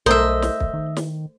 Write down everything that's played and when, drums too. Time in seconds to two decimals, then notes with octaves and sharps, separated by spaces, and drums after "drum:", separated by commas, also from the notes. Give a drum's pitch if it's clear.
0.06 B1 A3 A#4 C5 D#5 E5
0.42 drum: snare
0.60 drum: kick
0.73 D#3
0.97 drum: snare